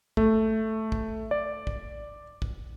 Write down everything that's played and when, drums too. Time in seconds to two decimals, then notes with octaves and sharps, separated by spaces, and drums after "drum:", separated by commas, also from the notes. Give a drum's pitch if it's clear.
0.17 A3, drum: kick
0.92 drum: kick
1.31 D5
1.67 drum: kick
2.42 drum: kick